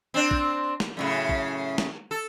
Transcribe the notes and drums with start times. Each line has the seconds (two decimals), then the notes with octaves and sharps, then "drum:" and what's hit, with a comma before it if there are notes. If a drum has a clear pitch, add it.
0.14 C4 D4
0.31 drum: kick
0.80 drum: snare
0.97 F#2 A2 C#3
1.29 drum: kick
1.78 drum: snare
2.11 A4